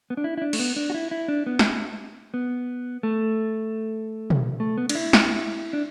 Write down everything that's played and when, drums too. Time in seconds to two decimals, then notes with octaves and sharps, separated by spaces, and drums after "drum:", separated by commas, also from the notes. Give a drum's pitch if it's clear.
0.10 B3
0.17 D4
0.24 E4
0.37 E4
0.42 D4
0.53 A3, drum: cymbal
0.59 B3
0.76 D4
0.90 F#4
0.94 E4
1.11 E4
1.28 D4
1.46 B3
1.59 drum: snare
2.34 B3
3.03 A3
4.30 drum: tom
4.60 A3
4.77 B3
4.89 D4, drum: cymbal
4.95 E4
5.13 drum: snare
5.73 D4